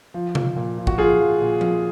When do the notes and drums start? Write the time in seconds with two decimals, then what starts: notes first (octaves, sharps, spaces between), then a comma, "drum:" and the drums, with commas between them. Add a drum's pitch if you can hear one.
0.14 F3
0.35 F3, drum: tom C3
0.56 A#2
0.78 F3
0.87 F#4, drum: kick
0.98 F3 F4 G#4
1.19 F3
1.41 A#2
1.61 F3, drum: tom F3